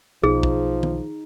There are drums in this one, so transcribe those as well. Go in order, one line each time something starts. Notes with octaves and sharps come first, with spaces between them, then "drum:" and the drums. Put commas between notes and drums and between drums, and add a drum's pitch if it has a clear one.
B1 F3 D#4 G#4
drum: kick
drum: tom D#3